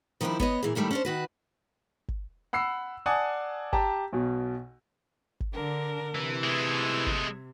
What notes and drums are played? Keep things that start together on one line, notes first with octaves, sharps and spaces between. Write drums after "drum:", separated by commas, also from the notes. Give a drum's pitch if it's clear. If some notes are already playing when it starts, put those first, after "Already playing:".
D#3 F3 G3 A3 D4 E4
B3 C#5 D#5, drum: kick G1
A#2 E3 G#4
A2 D#3 G3 A3 E4
C#4 D4 C5
D#3 F#4 B4
drum: kick G1
F#5 B5 E6 C7
D5 F#5 G#5 A5 D6 D#6
G4 A5 A#5, drum: kick G1
B1 B2
drum: kick G1
D3 D4 A#4
C3 E3
G#3 A3 E6 G#6
drum: kick G1